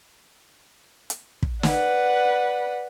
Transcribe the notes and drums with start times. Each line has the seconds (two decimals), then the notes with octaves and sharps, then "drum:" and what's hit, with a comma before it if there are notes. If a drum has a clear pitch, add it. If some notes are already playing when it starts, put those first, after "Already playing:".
1.10 drum: hi-hat
1.43 drum: kick
1.63 B4 D5 F#5, drum: snare